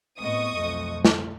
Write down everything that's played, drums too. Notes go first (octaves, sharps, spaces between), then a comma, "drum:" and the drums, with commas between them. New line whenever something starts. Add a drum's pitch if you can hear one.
A2 B3 C4 D#5 C#6 D#6
B1 F2 A3
drum: snare